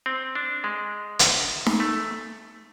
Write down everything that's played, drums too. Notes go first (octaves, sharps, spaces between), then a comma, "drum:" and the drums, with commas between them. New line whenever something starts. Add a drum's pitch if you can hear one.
C4
D4
G#3
drum: hi-hat
drum: snare D#4
A3